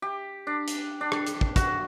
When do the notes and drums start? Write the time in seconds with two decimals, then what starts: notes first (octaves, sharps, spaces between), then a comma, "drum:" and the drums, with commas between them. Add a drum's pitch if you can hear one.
0.02 G4
0.47 D4
0.68 drum: hi-hat
1.01 D4
1.12 drum: rim click
1.27 drum: hi-hat
1.41 drum: kick
1.56 F#4, drum: kick, hi-hat